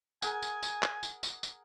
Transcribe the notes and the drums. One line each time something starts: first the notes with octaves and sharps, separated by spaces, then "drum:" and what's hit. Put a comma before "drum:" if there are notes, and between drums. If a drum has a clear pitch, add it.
G#4 A#4 F#5 G#5, drum: tambourine
drum: tambourine
drum: tambourine
drum: clap
drum: tambourine
drum: tambourine
drum: tambourine